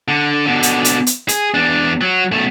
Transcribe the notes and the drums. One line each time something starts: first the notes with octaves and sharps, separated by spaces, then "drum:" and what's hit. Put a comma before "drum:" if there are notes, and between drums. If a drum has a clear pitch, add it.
D3
B2 D3
drum: hi-hat
drum: hi-hat
drum: hi-hat
G#4, drum: hi-hat
E2 D4
F#3
B1 A3